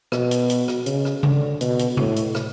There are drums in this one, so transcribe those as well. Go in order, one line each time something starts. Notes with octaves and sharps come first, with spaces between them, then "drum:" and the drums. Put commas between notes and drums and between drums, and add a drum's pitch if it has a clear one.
B2, drum: rim click
drum: hi-hat
drum: hi-hat
drum: rim click
C#3, drum: hi-hat
drum: rim click
D3, drum: tom C#3
B2, drum: hi-hat
drum: hi-hat
A2, drum: tom C3
drum: hi-hat
drum: rim click